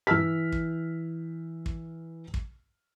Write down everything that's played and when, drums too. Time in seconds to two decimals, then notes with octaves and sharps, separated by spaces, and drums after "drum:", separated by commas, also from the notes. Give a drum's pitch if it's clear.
0.07 E3 E6 F6 B6
0.52 drum: kick
1.66 drum: kick
2.34 drum: kick